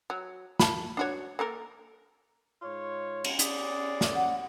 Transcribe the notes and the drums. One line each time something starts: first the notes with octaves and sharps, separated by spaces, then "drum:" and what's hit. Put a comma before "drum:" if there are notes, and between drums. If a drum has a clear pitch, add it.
F#3
A5 B5, drum: snare
D4 F#4 C#5
A#3 A4 A#4
G#2 F4 C#5
drum: cymbal
C#4 G#4 D5, drum: hi-hat
drum: snare
F#5